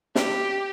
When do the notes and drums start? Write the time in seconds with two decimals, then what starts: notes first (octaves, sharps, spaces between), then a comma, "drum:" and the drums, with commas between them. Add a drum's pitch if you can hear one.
0.15 G4, drum: snare